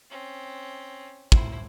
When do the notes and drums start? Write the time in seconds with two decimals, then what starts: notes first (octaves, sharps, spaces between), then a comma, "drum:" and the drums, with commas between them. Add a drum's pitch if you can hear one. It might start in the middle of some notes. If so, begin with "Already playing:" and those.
0.10 C4 C#4
1.32 A2 E4 C5, drum: kick